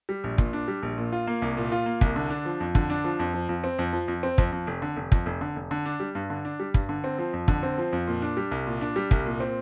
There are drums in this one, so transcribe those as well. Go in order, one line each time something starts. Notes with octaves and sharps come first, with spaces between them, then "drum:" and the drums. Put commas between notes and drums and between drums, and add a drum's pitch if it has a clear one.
G3
A#1
A#2, drum: kick
D4
G3
A#1
A#2
F4
A#3
C2
A#2
F4
A#3
C2, drum: kick
D3
D4
F3
F2
D3, drum: kick
D4
F3
F2
F3
F2
C4
F2
F3
F2
C4
F2, drum: kick
F2
F1
D3
F1
F2, drum: kick
F1
D3
F1
D3
D4
G3
G2
D3
D4
G3
G2, drum: kick
D3
C4
F3
F2
D3, drum: kick
C4
F3
F2
A#2
D4
G3
C2
A#2
D4
G3
C2, drum: kick
A#2
C4